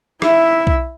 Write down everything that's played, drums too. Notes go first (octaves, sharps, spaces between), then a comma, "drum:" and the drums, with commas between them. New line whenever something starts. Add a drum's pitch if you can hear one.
E4 E5, drum: rim click
drum: kick B1